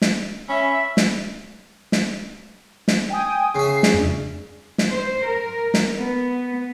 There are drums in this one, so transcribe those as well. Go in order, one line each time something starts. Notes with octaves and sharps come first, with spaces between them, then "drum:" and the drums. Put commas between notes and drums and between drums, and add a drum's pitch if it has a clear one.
drum: snare
C#4 E5 B5
drum: snare
drum: snare
drum: snare
G5 G#5 D#6
C#3 E5 C7
drum: snare
F2 D4
drum: snare
C5
A#4
drum: snare
B3